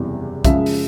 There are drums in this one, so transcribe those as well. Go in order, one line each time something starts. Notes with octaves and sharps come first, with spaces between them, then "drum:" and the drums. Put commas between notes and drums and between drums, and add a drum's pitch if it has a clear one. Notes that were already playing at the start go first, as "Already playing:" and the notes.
Already playing: F#1 E2 C3 E3 G3
F#2 C#3 F3 G#3 E5, drum: kick, hi-hat
drum: open hi-hat